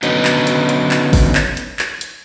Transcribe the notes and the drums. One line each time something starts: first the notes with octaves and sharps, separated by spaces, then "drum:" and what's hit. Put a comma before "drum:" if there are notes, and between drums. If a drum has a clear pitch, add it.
D3 F#3 B3 C#4 D#4, drum: hi-hat
drum: clap
drum: hi-hat
drum: hi-hat
drum: clap
drum: kick, open hi-hat
drum: clap
drum: hi-hat
drum: clap
drum: hi-hat